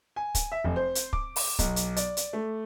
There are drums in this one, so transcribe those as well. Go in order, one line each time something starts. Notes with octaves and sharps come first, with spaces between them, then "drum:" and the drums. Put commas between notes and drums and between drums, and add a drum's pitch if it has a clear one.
G#5
drum: kick, hi-hat
E5
F1
C5
drum: hi-hat
D6, drum: kick
drum: open hi-hat
B1, drum: kick, hi-hat
drum: hi-hat
D5, drum: hi-hat
drum: hi-hat
A3